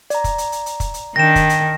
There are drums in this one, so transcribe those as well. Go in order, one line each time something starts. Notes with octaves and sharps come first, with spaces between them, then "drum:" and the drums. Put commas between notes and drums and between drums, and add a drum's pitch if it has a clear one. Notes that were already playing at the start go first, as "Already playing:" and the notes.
D5 A#5, drum: hi-hat
drum: kick, hi-hat
drum: hi-hat
drum: hi-hat
drum: hi-hat
drum: kick, hi-hat
drum: hi-hat
D#3 D4 G5 A#6 E7
drum: kick, hi-hat
drum: hi-hat